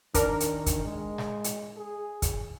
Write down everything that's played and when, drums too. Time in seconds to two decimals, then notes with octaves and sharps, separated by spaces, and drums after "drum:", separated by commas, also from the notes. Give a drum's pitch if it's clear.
0.14 D#3 D4 A#4, drum: kick, hi-hat
0.40 drum: hi-hat
0.66 drum: kick, hi-hat
0.85 G#3
1.18 drum: snare
1.44 drum: hi-hat
1.77 G#4
2.22 drum: kick, hi-hat